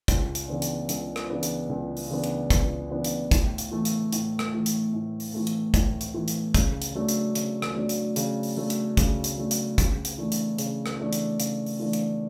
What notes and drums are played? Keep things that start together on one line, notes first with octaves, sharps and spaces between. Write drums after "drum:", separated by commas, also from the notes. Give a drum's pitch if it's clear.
C#2, drum: kick, hi-hat
drum: hi-hat
C#3 E3 B3 D4
drum: hi-hat
C#2, drum: hi-hat
drum: rim click
C#3 E3 B3 D4
drum: hi-hat
C#2
drum: open hi-hat
C#3 E3 B3 D4
drum: hi-hat
C#2, drum: kick, hi-hat
C#3 E3 B3 D4
drum: hi-hat
A2, drum: kick, hi-hat
drum: hi-hat
E3 A3
drum: hi-hat
A2, drum: hi-hat
drum: rim click
E3 A3
drum: hi-hat
A2
drum: open hi-hat
E3 A3
drum: hi-hat
A2, drum: kick, hi-hat
drum: hi-hat
E3 A3
drum: hi-hat
C#3, drum: kick, hi-hat
drum: hi-hat
F#3 A3 D4
drum: hi-hat
C#3, drum: hi-hat
drum: rim click
F#3 A3 D4
drum: hi-hat
C#3, drum: hi-hat
drum: open hi-hat
F#3 A3 D4
drum: hi-hat
C#3, drum: kick, hi-hat
drum: hi-hat
F#3 A3 D4
drum: hi-hat
C#3, drum: kick, hi-hat
drum: hi-hat
E3 A3 D4
drum: hi-hat
C#3, drum: hi-hat
drum: rim click
E3 A3 D4
drum: hi-hat
C#3, drum: hi-hat
drum: open hi-hat
E3 A3 D4
drum: hi-hat